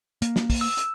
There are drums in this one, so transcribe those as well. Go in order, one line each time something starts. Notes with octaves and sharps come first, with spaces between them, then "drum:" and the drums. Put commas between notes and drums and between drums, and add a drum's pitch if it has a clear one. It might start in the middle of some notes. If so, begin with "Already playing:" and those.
A#3, drum: hi-hat
drum: snare
drum: kick, open hi-hat
E6
drum: hi-hat